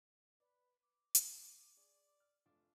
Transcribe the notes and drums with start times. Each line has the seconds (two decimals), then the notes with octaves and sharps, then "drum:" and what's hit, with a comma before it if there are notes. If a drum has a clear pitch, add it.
0.40 B4 D5
0.82 D6
1.15 drum: hi-hat
1.77 G#4 D5
2.20 F6
2.46 F1 A3 D4 F4 D6